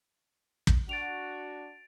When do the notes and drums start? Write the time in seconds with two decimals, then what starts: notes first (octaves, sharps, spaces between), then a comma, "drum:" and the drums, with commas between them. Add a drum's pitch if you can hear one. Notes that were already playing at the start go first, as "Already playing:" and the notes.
0.67 drum: kick
0.89 D4 F#4 A6 D7 F7